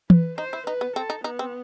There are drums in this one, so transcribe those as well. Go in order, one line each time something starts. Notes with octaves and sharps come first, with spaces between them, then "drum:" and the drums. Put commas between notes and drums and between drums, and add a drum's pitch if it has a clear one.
B4, drum: tom E3
D#4 C5
E4
D#4 B4
B3
C4 A4
D#4
B3 D#4
C4